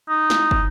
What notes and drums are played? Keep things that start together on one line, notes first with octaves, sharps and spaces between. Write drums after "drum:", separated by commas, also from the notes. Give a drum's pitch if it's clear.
D#4
drum: snare
drum: kick